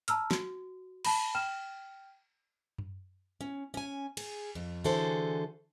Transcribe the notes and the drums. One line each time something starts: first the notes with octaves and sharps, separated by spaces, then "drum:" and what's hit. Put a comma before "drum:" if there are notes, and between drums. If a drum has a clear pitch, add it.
A5 A#5 E6 F6, drum: hi-hat
F#4, drum: snare
A5 B5, drum: cymbal
G5 F6 E7
drum: tom F#2
C#4
C#4 G#5
G#4, drum: cymbal
F2
D3 E3 F#4 G#4 A4 C5